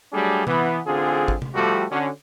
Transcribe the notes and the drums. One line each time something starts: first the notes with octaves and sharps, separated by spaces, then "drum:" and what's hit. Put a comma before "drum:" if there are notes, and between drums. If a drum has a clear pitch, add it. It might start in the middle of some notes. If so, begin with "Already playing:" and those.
F#3 G3 A3 D4 G4 G#4
E3 B3, drum: tom C3
A1 D3 C4 F4 G#4
drum: kick G#1
drum: tom C3
F3 G3 A3 F#4 G4 A4
D3 C#4 F#4